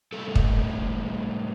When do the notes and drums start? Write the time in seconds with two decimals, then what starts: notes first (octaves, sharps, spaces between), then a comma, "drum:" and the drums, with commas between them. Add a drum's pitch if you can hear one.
0.13 A2 G3 A#3 A4
0.35 drum: kick